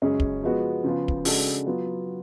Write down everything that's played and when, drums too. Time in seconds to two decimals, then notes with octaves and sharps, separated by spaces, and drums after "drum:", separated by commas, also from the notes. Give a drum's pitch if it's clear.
0.02 F#2 C#3 G#3 C#4 G#4
0.20 drum: kick
0.43 F3 G#3 B3 F#4
0.84 C#3 F3 B3 F4
1.08 drum: kick
1.25 C#3 G#3 D4 F#4 A4, drum: open hi-hat
1.67 F#3 B3 F4